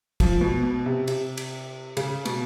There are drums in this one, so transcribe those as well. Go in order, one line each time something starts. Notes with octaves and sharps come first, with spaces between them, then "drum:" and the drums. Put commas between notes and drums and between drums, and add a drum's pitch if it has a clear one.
F3, drum: kick, cymbal
B2
B2
C3
C3, drum: cymbal
drum: cymbal
C#3, drum: cymbal
B2, drum: cymbal